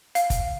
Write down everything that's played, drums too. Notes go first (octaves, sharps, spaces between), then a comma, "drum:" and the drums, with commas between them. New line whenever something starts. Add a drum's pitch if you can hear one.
F5, drum: hi-hat
drum: kick, hi-hat